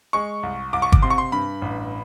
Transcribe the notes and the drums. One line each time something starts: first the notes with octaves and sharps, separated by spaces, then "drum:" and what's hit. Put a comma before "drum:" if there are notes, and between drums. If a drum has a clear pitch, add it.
G#3 C#6
C2
C2 D6
C#6
D6, drum: kick
C3 C6
C#6
C6
G2 B5
A1